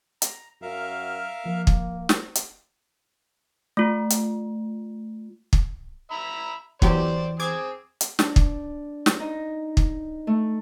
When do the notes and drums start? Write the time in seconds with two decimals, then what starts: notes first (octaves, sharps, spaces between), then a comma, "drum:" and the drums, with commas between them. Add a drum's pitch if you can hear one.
0.22 A#5, drum: hi-hat
0.62 F#2 A#4 E5 F5
1.46 F3 A#3
1.67 drum: kick
2.09 drum: snare
2.35 drum: hi-hat
3.77 A3 F4
4.10 drum: hi-hat
5.53 drum: kick
6.11 E5 A#5 B5
6.82 E2 E3 F#3 G4 C5 D5 C6, drum: kick
7.40 C4 G#4 D6 G#6
8.01 drum: hi-hat
8.19 D4, drum: snare
8.36 drum: kick
9.06 drum: snare
9.20 D#4
9.77 drum: kick
10.27 A3